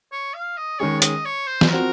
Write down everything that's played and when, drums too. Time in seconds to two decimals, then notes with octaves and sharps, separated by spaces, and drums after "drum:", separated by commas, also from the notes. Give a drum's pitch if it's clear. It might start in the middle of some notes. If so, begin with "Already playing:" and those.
0.12 C#5
0.34 F5
0.57 D#5
0.79 D#3 G#3 C#4 G#4 C#5
1.02 D#5, drum: hi-hat
1.25 C#5
1.47 C5
1.61 drum: snare
1.70 F3 C4 F#4 A#4